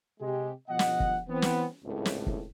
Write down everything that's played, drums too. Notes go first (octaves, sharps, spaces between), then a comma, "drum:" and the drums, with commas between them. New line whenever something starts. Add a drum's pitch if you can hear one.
C3 G#3 G4
G1 B2 F3 D#5 F#5
drum: snare
drum: kick
E3 B3 C4
drum: snare
G#1 C#2 A2
drum: snare
drum: kick